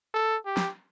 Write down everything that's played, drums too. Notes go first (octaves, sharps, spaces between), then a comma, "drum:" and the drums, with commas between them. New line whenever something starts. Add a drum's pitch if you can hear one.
A4
G4
drum: snare